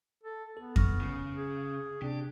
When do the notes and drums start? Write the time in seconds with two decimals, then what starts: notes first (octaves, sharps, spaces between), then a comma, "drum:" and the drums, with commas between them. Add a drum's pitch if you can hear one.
0.23 A4
0.57 B3 A4
0.76 C#6 F6 A#6, drum: kick F2
1.01 C#3
1.36 G#4
2.02 C3 D4 G4